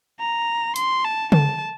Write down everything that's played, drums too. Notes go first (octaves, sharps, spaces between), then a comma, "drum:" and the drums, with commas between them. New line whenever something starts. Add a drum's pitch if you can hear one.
A#5
C6, drum: hi-hat
A5
A5, drum: tom C#3